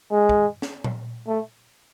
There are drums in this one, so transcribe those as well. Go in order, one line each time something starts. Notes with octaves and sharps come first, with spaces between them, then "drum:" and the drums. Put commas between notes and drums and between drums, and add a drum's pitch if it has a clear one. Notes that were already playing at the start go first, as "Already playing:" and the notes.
G#3
drum: kick
drum: snare
drum: tom A#2
A3